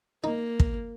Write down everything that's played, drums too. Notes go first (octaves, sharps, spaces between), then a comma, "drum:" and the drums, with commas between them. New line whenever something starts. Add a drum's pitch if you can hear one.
A#3 D#4
drum: kick